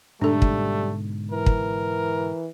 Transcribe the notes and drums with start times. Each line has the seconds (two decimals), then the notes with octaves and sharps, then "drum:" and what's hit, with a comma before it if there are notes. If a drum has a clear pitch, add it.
0.21 G#2 B2 D3 G3 A3 D4 A4
0.42 drum: kick
1.32 E3 A#4
1.46 drum: kick